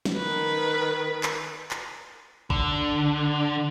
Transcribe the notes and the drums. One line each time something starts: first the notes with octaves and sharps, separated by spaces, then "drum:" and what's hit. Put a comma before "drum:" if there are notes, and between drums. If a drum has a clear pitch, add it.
drum: snare
D#3 B4
drum: clap
drum: clap
D3, drum: kick G#1